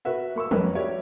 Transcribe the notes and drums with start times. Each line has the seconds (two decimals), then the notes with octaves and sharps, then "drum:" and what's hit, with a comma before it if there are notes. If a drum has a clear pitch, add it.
0.05 F#4 A#4 B4 E5 F#5
0.35 A#3 C#6 E6
0.51 F2 A#4 B4 C#5 F6, drum: tom F3
0.75 F#4 G4 A#4 C#5 D5 E5